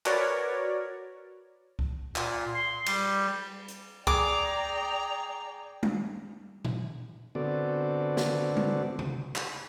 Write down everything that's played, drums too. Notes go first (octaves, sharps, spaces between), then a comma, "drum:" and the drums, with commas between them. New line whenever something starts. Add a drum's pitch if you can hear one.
F#4 A#4 B4 C#5 D5, drum: clap
drum: kick C2
A#2, drum: clap
C6
G3, drum: cymbal
drum: hi-hat
G#4 D5 G5 A#5 D6, drum: kick C2
drum: tom G3
drum: tom A#2
D3 B3 C4 F#4 A4 D5
drum: snare
drum: tom G3
drum: tom C3
drum: clap